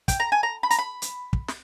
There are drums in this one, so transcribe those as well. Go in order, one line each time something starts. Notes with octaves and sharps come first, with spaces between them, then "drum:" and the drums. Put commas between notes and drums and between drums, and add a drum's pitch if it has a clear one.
G5, drum: kick, hi-hat
A#5
G#5
A#5
B5
A#5, drum: hi-hat
B5
drum: hi-hat
drum: kick
drum: snare